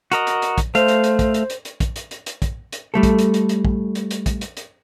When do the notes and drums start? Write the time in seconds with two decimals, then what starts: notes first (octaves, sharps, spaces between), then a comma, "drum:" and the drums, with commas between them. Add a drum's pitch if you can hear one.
0.12 F#4 A#4 D#5, drum: hi-hat
0.27 drum: hi-hat
0.42 drum: hi-hat
0.58 drum: kick, hi-hat
0.75 A3 C5 F5, drum: hi-hat
0.88 drum: hi-hat
1.04 drum: hi-hat
1.19 drum: kick, hi-hat
1.34 drum: hi-hat
1.50 drum: hi-hat
1.65 drum: hi-hat
1.80 drum: kick, hi-hat
1.96 drum: hi-hat
2.11 drum: hi-hat
2.26 drum: hi-hat
2.42 drum: kick, hi-hat
2.72 drum: hi-hat
2.94 G3 A3 A4
3.03 drum: kick, hi-hat
3.19 drum: hi-hat
3.34 drum: hi-hat
3.49 drum: hi-hat
3.65 drum: kick
3.95 drum: hi-hat
4.11 drum: hi-hat
4.26 drum: kick, hi-hat
4.41 drum: hi-hat
4.57 drum: hi-hat